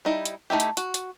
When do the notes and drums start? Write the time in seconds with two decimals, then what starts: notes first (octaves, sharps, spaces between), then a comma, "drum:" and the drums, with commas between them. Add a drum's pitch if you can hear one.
0.05 G3 D#4 E4 A5
0.25 drum: hi-hat
0.50 A3 D#4 E4 G4
0.60 drum: hi-hat
0.77 F#4, drum: hi-hat
0.94 drum: hi-hat